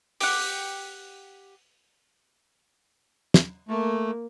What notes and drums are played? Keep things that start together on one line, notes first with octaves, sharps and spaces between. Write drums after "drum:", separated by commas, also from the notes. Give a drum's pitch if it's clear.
G4 F#5, drum: open hi-hat
drum: snare
A3 A#3